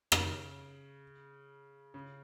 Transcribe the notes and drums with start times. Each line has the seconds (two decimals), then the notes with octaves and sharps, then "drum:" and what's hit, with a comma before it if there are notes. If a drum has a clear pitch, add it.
0.12 C#3, drum: rim click
1.94 C#3